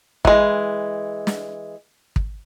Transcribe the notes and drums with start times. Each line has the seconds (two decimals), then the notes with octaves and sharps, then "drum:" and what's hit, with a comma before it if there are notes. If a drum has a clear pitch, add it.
0.25 E3 G#3, drum: kick
1.27 drum: snare
2.16 drum: kick